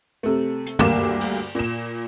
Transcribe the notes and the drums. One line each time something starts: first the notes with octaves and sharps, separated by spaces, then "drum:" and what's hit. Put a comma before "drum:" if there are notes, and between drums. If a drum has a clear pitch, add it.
C3 A3
drum: hi-hat
D2 G2 A#3 D6 E7, drum: tom
drum: cymbal
A#2 E7